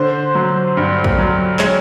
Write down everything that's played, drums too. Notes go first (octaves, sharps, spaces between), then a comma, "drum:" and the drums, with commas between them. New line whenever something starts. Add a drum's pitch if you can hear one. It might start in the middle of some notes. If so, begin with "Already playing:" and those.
Already playing: D3 C5
F#3
G2
drum: kick
F#3
G#3 C#5, drum: clap